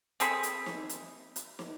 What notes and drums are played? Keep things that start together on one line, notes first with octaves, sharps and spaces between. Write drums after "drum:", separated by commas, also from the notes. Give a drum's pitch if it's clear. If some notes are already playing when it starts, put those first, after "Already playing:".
C4 G#4 A4 B5, drum: hi-hat
drum: hi-hat
drum: snare
drum: hi-hat
drum: hi-hat
drum: snare